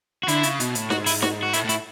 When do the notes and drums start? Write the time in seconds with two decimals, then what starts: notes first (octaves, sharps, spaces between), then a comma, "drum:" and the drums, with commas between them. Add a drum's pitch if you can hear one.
0.23 F#4
0.28 D3 E4, drum: hi-hat
0.43 C#3, drum: hi-hat
0.60 B2, drum: hi-hat
0.75 A2, drum: hi-hat
0.90 G#2 F#4, drum: snare
1.06 E4, drum: open hi-hat
1.22 F#4, drum: snare
1.43 F#4
1.53 A2 E4, drum: hi-hat
1.64 A2
1.69 E4, drum: hi-hat